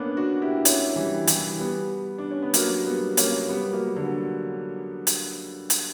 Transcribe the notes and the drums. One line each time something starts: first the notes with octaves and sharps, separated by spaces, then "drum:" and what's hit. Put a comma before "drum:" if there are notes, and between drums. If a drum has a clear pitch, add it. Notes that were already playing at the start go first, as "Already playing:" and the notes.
Already playing: A#3 B3 C#4 D4
D4 F#4
E4 G4
C#4 E4, drum: hi-hat
E3 G3
E3 G3, drum: hi-hat
G3 B3
D4
C#4
B3
F#3 A#3, drum: hi-hat
G3 B3
A#3 C#4, drum: hi-hat
G3 B3
F#3 A#3
D3 F#3
drum: hi-hat
drum: hi-hat